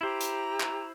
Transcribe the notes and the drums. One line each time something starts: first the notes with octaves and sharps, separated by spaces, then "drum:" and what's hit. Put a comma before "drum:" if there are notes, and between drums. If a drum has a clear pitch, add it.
E4 G4 C5 A#5
drum: hi-hat
drum: clap